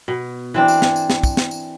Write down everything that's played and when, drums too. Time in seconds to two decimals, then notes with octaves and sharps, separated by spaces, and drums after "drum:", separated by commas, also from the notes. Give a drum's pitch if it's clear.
0.08 B2
0.54 E3 C4 D4
0.68 drum: tambourine
0.82 drum: snare
0.96 drum: tambourine
1.10 drum: snare
1.23 drum: kick, tambourine
1.37 drum: snare
1.51 drum: tambourine